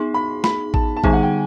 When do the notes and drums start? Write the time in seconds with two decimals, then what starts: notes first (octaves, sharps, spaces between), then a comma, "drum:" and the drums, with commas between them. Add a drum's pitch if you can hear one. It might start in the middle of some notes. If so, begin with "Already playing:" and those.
Already playing: B3 D#4 G#4 C6
0.14 B5
0.44 B5, drum: snare
0.74 A5, drum: kick A1
0.97 A5
1.04 D3 G3 B3 D#4 G#4 G#5, drum: kick A1
1.13 F#5
1.23 G5